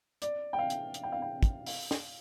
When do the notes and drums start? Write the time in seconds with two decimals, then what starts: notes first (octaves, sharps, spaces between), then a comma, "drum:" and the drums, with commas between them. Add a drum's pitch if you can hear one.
0.22 D5, drum: hi-hat
0.53 G5
0.59 F5
0.70 drum: hi-hat
0.94 drum: hi-hat
1.03 G5
1.12 F5
1.22 G5
1.43 drum: kick, hi-hat
1.66 F5, drum: open hi-hat
1.91 drum: snare